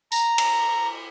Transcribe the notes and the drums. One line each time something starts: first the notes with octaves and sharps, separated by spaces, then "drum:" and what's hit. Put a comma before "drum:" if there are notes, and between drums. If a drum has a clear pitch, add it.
A#5, drum: tambourine
drum: cymbal